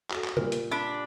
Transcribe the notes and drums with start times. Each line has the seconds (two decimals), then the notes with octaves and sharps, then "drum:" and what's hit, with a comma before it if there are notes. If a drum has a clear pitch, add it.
0.11 F#4 A4, drum: clap
0.24 drum: clap
0.37 A#2 G3 A#4, drum: tom C#3
0.52 drum: hi-hat
0.71 D4 B5